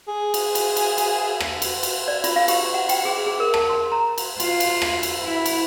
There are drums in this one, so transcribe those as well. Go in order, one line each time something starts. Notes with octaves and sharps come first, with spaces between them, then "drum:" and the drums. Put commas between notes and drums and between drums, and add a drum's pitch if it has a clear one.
G#4
drum: cymbal
drum: cymbal
drum: cymbal
drum: cymbal
drum: rim click
drum: cymbal
drum: cymbal
D5
F4, drum: cymbal
F5
G4, drum: cymbal
F#5
G5, drum: cymbal
G#4
G#4
A#4
A5, drum: rim click
C6
A#5
drum: cymbal
F4, drum: cymbal
drum: cymbal
drum: rim click
drum: cymbal
E4
drum: cymbal